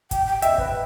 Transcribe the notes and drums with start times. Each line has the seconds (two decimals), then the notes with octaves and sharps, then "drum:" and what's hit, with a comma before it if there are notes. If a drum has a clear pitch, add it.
0.11 G5, drum: kick, hi-hat
0.26 G5
0.42 D#5 E5, drum: hi-hat
0.58 B4, drum: kick